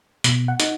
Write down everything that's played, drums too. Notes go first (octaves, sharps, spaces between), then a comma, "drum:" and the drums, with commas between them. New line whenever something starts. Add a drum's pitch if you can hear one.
B2, drum: hi-hat
F#5
D#4, drum: hi-hat